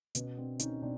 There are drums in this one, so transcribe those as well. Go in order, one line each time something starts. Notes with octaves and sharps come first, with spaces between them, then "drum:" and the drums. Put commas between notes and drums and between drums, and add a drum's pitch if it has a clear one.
B2 B3 C#4, drum: hi-hat
C4 D4
C#4 D#4, drum: hi-hat
B2 C4 D4